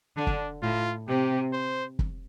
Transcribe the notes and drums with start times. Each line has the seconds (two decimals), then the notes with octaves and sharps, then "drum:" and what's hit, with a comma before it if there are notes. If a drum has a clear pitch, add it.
0.16 D3 D4
0.27 drum: kick
0.62 A2 F4
1.08 C3 G4
1.53 C5
1.99 drum: kick